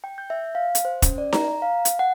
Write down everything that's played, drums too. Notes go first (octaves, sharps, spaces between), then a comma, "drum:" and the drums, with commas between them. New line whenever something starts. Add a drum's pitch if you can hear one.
G5
G6
E5
F5
drum: hi-hat
C5
C#4, drum: kick, hi-hat
D5
A#5, drum: snare D#4
A#5
F5
drum: hi-hat
F#5